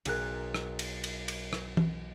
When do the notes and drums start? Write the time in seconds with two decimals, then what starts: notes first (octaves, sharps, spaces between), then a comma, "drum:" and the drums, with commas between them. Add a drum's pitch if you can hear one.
0.05 B1 G#4 A#4 F#6, drum: cymbal
0.54 drum: rim click
0.79 drum: cymbal
1.04 drum: cymbal
1.28 drum: cymbal
1.53 drum: rim click
1.77 drum: tom E3